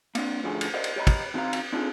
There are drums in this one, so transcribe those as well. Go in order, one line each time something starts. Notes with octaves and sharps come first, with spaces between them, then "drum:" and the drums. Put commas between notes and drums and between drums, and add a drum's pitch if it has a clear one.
A#3 C4 D4, drum: cymbal
A2 D3 F3 C#4 F#4 G#4
drum: cymbal
G4 A#4 C5 D5 D#5 F#5
drum: cymbal
G4 C#5 D#5 A#5 B5
drum: kick, cymbal
D#3 C4 F#4 C#5 F5 A#5
drum: cymbal
C4 D4 D#4 F4 G#4 A4